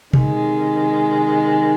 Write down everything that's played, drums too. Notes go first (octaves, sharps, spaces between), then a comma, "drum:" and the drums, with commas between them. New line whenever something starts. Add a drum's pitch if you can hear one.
C3 D#3 G#3, drum: tom B2